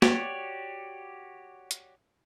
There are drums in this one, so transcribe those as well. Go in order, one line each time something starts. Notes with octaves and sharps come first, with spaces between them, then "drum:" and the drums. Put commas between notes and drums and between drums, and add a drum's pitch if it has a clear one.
F#4 G4 C#5 D5, drum: snare A#3
drum: hi-hat